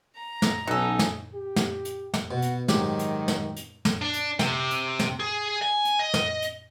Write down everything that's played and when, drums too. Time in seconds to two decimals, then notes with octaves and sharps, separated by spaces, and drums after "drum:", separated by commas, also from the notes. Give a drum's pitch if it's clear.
0.16 A#5
0.42 drum: snare
0.67 B1 B2 C#4 D#4 A4
0.99 drum: snare
1.34 G4
1.56 drum: snare
1.85 drum: hi-hat
2.14 drum: snare
2.31 B2 F#4
2.42 drum: hi-hat
2.68 G#2 D#3 F#3 G4, drum: snare
2.99 drum: hi-hat
3.28 drum: snare
3.56 drum: hi-hat
3.85 drum: snare
4.01 D4
4.14 drum: hi-hat
4.39 C3, drum: snare
4.71 drum: hi-hat
4.99 drum: snare
5.20 G#4
5.62 G#5
5.85 drum: hi-hat
5.99 D#5
6.14 drum: snare
6.42 drum: hi-hat